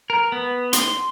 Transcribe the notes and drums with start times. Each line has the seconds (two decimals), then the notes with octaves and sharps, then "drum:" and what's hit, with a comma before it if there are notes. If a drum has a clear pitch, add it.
0.10 A#4
0.32 B3
0.73 C6, drum: hi-hat